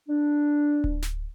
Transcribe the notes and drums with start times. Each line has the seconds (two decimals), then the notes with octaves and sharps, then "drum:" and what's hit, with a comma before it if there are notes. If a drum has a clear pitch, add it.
0.09 D4
0.84 drum: kick D1
1.03 drum: snare